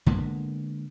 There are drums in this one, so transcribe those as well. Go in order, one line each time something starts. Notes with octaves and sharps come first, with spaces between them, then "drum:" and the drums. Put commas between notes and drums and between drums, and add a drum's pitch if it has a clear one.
D3 G#3 A#3 B3, drum: kick A#1